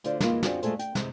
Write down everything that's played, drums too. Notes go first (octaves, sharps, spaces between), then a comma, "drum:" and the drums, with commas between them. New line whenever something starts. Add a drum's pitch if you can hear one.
D2 D3 F4 C5 D5, drum: hi-hat
E3 G#3 A#3 D#4 F4, drum: snare
C4 D4 F4 F#4 G#4, drum: snare
G#3 A3 F4 G#4 A4 C5, drum: hi-hat
G5, drum: hi-hat
C3 E3 G#3, drum: snare